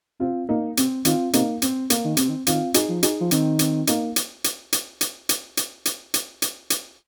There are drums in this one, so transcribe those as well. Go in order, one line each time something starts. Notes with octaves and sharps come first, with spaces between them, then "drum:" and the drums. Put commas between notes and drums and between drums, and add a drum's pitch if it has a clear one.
C3 C4 F4
A#2 A#3 D#4
C3 C4, drum: hi-hat
D#3 C4 F4, drum: hi-hat
C3 A#3 D#4, drum: hi-hat
C4, drum: hi-hat
A#3, drum: hi-hat
D#3
C3 C4, drum: hi-hat
D#3
D#3 C4 F4, drum: hi-hat
D#4 G#4, drum: hi-hat
F3
D#4 G#4, drum: hi-hat
F3
D#3 C4, drum: hi-hat
C4, drum: hi-hat
A#3 D#4, drum: hi-hat
drum: hi-hat
drum: hi-hat
drum: hi-hat
drum: hi-hat
drum: hi-hat
drum: hi-hat
drum: hi-hat
drum: hi-hat
drum: hi-hat
drum: hi-hat